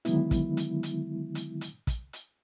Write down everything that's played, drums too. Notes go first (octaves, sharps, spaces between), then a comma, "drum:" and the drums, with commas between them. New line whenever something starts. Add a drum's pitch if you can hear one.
D3 D#3 F#3 G#3 B3 E4, drum: hi-hat
drum: kick, hi-hat
drum: hi-hat
drum: hi-hat
drum: hi-hat
drum: hi-hat
drum: kick, hi-hat
drum: hi-hat